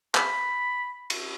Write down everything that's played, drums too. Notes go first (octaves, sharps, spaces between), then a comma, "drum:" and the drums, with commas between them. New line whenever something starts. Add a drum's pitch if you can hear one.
B5, drum: clap
drum: cymbal